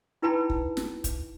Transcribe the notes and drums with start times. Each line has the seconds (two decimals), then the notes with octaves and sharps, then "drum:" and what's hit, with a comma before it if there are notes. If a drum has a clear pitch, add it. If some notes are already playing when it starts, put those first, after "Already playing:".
0.22 D#4 E4 B4 G5 A5 B5
0.50 drum: kick
0.77 drum: snare
1.04 drum: kick, hi-hat